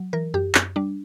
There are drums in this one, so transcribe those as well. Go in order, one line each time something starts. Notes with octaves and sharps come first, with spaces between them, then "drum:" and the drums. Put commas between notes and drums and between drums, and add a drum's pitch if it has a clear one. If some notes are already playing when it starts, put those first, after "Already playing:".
Already playing: F#3
E3 A#4
F#2 G4
F#2, drum: clap
G3 D4